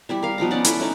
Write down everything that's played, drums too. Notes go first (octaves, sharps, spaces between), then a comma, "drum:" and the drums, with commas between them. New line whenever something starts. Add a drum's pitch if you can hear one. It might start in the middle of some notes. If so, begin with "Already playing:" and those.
G3 E4 E5
A#4 F5
B2 F3 D#4 A#5
B3 C#4 D5 F#5
E4 A4, drum: hi-hat
A3 C#4 D#4